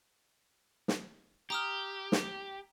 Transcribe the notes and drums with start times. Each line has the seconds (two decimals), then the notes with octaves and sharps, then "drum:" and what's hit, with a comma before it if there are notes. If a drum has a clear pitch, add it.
0.88 drum: snare
1.50 G4 A#5 D#6 F6
2.12 drum: snare